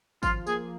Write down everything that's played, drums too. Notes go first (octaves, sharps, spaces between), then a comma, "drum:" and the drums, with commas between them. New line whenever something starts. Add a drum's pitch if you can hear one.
F3 F4, drum: kick G#1, tambourine
A#3 G#4, drum: tambourine